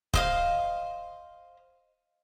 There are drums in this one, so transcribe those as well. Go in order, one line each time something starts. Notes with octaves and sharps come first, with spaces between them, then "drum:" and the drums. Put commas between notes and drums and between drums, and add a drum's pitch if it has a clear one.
C5 D#5 F5, drum: kick